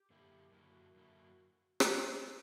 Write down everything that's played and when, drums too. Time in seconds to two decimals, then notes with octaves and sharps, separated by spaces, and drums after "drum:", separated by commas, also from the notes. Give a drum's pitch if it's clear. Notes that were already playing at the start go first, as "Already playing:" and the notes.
Already playing: G4
0.10 F#2 D3 A#3 E4
0.52 F#2 D3 A#3 E4 F#4
0.95 F#2 D3 A#3 E4
1.80 drum: rim click